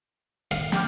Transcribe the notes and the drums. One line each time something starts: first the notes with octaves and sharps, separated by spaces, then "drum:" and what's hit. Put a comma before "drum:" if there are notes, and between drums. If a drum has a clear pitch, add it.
F5, drum: hi-hat
G5 D6 F6, drum: snare